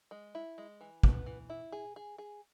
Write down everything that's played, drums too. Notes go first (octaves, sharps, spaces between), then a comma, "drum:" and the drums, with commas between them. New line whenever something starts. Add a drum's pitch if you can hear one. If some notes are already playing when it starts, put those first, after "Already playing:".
G#3
E4
G#3
E3
B3, drum: kick
E3
E4
G#4
G#4
G#4